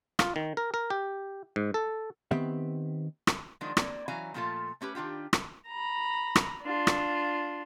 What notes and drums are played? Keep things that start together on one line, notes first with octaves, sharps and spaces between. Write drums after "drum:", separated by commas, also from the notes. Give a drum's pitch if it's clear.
F4, drum: rim click
D#3
A#4
A#4
G4
G#2
A4
D#3 B3 C4 G4 B4 E5
drum: rim click
D#3 F3 F#3 G#3 D4
A#3 C4 D5, drum: rim click
E3 F#3 C#4 F5 G#5 A#5
A#2 F3 A3 F4 A4 A5
A3 C#4 G4 B4
D#3 D4 F4 G4
drum: rim click
A#5 B5
drum: rim click
D4 F4
drum: rim click